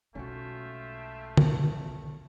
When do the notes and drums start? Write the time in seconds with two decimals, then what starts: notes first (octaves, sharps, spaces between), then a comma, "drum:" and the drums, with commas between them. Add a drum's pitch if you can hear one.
0.15 B1 G#3 A3 C#4 F4 F#4 E5 G5
1.37 drum: tom